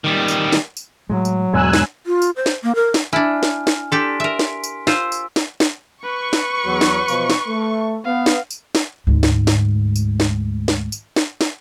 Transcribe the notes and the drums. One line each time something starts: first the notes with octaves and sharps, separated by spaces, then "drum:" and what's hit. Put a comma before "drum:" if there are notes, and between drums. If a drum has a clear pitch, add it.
D#3 G3
drum: tambourine
drum: snare
drum: tambourine
A2 F#3 G#3
drum: tambourine
E1 G#2 B2 G#3 G#5 E6 F#6
drum: snare
F4
drum: tambourine
C5
drum: snare
A#3
A#4
drum: snare
D4 E4 G#5 F6
drum: snare
drum: snare
D4 G4 A4 C6 B6 D7
A#4 E5
drum: snare
drum: tambourine
F4 C5 E6, drum: snare
drum: tambourine
drum: snare
drum: snare
B4 C#6
drum: snare
E2 F#3
drum: snare
B2 E3 F3, drum: tambourine
drum: snare
A3
B3 F5
drum: snare
drum: tambourine
drum: snare
D2 G#2
drum: snare
drum: snare
drum: tambourine
drum: snare
drum: snare
drum: tambourine
drum: snare
drum: snare